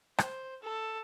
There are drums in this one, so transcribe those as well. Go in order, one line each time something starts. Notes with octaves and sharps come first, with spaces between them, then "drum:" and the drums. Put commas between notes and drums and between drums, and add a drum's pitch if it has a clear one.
C5, drum: rim click
A4